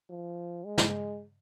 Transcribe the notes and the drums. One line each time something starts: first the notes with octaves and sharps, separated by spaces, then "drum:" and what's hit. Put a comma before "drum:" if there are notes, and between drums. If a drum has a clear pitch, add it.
F3
G#3
drum: snare